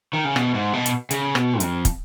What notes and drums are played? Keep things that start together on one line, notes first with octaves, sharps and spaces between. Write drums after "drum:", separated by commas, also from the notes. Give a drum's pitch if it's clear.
D#3
C#3
B2, drum: rim click
G#2
B2
drum: hi-hat
C#3, drum: hi-hat
B2, drum: rim click
F2, drum: hi-hat
drum: kick, hi-hat